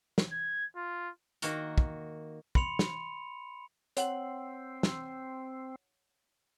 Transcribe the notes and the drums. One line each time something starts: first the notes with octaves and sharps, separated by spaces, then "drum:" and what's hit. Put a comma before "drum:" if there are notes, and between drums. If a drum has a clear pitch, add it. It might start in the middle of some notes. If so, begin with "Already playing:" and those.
drum: snare
G#6
F4
D#3 A#3 F#4 A#4, drum: hi-hat
drum: kick
B5 C6 C#7 F7, drum: kick
drum: snare
C4 C#5 F#5 F#7, drum: hi-hat
drum: snare